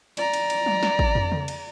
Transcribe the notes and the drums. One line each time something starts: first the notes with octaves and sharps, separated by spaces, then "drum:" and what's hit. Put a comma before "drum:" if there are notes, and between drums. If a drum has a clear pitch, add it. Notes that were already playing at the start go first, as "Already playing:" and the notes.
D5 A#5, drum: cymbal
drum: cymbal
drum: cymbal
drum: tom F#3
drum: snare
drum: kick
drum: tom
drum: tom C#3
drum: cymbal